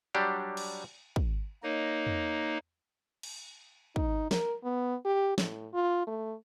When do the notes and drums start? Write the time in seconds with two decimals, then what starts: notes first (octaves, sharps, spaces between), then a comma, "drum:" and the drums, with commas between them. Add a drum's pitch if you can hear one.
0.15 F#3 G3 D4 G4
0.57 drum: cymbal
1.16 drum: kick
1.63 A#3 D#4 A#4 C#5 D#5
2.07 drum: tom E2
3.23 drum: cymbal
3.96 D#4, drum: kick
4.31 A#4, drum: snare
4.64 B3
5.05 G4
5.38 A2, drum: snare
5.73 F4
6.07 A3